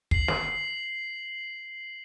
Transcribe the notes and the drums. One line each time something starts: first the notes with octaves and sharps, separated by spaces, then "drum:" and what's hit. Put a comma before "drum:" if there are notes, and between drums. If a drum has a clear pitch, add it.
C7 F#7, drum: kick
drum: snare